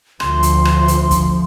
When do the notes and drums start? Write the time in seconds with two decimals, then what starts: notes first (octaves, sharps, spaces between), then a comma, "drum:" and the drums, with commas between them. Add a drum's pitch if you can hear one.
0.20 D2 F3 C6, drum: rim click
0.43 drum: hi-hat
0.65 drum: rim click
0.88 drum: hi-hat
1.11 drum: kick, hi-hat